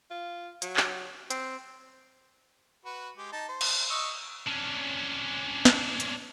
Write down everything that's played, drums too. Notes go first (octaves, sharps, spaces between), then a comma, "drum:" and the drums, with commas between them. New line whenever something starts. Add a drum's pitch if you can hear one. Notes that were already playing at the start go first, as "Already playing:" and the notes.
F4
F#3, drum: hi-hat
drum: clap
C4, drum: hi-hat
F#4 B4
G#3 G4
D#4 A5
C5
drum: cymbal
D#5 C#6 E6
C#4 D4
drum: snare
drum: hi-hat